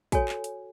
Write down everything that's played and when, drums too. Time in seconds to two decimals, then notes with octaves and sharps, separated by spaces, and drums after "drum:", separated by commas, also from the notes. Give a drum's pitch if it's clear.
0.12 F#4 A4 C#5 G#5, drum: kick, hi-hat
0.28 drum: clap
0.44 drum: hi-hat